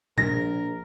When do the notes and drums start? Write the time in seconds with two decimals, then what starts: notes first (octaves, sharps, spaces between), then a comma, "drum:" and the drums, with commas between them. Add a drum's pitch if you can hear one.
0.18 A#1 A#4 A#6, drum: tom